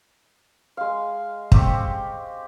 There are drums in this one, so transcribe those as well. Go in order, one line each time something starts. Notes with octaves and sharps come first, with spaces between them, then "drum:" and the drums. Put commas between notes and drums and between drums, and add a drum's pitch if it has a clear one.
G#3 F5
C4 G4 C#6, drum: kick